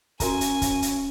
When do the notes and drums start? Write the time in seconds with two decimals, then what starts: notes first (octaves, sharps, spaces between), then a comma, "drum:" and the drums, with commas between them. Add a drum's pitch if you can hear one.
0.20 C#4 F#4 A#4 G#5 A#5, drum: kick, hi-hat
0.41 drum: hi-hat
0.62 drum: kick, hi-hat
0.82 drum: hi-hat